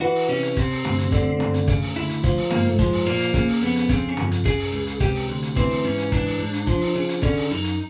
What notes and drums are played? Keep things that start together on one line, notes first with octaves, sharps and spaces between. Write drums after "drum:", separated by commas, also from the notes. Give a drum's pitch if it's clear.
E3 F#4
drum: open hi-hat
C3 C#4
drum: hi-hat
C3 C4, drum: kick, hi-hat
drum: open hi-hat
D2, drum: tom
drum: hi-hat
D3, drum: kick, hi-hat
D2, drum: tom
drum: hi-hat
C#3, drum: kick, hi-hat
drum: open hi-hat
D2 E4
drum: hi-hat
F3, drum: kick, hi-hat
drum: open hi-hat
G#2 A#3, drum: tom
A3
F3 G#3, drum: kick, hi-hat
drum: open hi-hat
A#2 A#3
drum: hi-hat
C#3 A#3, drum: kick, hi-hat
drum: open hi-hat
F2 B3
drum: hi-hat
C#3 C4, drum: kick, hi-hat
C#4
F2, drum: tom
drum: hi-hat
C#3 G#4, drum: kick, hi-hat
drum: open hi-hat
C#2
drum: hi-hat
C3 G4, drum: kick, hi-hat
drum: open hi-hat
D2
drum: hi-hat
E3 C4, drum: kick, hi-hat
drum: open hi-hat
G#2 C#4
drum: hi-hat
E3 D4, drum: kick, hi-hat
drum: open hi-hat
G#2
drum: hi-hat
F3, drum: kick, hi-hat
drum: open hi-hat
C#3
drum: hi-hat
D3 C#4, drum: kick, hi-hat
drum: open hi-hat
F#2 D#4
drum: hi-hat